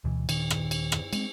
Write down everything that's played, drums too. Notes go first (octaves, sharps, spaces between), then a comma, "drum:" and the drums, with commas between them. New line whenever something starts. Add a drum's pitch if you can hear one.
D2 B2 E3
D#1 A#2 D#3, drum: cymbal
drum: rim click
drum: cymbal
drum: rim click
G#3 C4, drum: cymbal